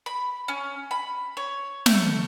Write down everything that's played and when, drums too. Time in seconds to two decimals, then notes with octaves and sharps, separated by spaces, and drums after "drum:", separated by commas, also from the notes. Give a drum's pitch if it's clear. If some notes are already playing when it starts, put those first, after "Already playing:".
0.06 B5
0.48 C#4
0.91 B5
1.37 C#5
1.86 A3, drum: snare